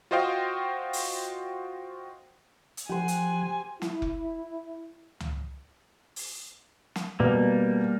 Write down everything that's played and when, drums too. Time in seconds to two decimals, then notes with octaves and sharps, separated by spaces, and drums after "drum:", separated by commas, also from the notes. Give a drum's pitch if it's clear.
0.11 F4 F#4 C5 D#5 F5 G5
0.93 drum: open hi-hat
2.77 drum: hi-hat
2.89 F3 G4 C5 F#5 G#5
3.08 drum: hi-hat
3.82 E4, drum: snare
4.02 drum: kick F1
5.20 drum: tom
6.16 drum: open hi-hat
6.96 drum: snare
7.20 B2 G3 A#3